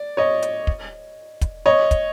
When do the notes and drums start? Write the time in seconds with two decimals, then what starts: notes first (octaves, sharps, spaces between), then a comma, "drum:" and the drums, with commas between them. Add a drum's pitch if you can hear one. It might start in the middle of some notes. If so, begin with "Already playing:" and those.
Already playing: D5
0.17 C#5 D#5
0.42 drum: hi-hat
0.67 drum: kick
1.41 drum: kick, hi-hat
1.66 C#5 D#5
1.91 drum: kick, hi-hat